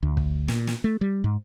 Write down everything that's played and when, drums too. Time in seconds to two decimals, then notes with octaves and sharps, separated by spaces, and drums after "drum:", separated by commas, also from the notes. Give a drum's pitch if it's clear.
0.03 D2
0.17 drum: kick
0.48 A#2, drum: snare
0.67 drum: snare
0.84 A3
1.01 G3
1.24 G#2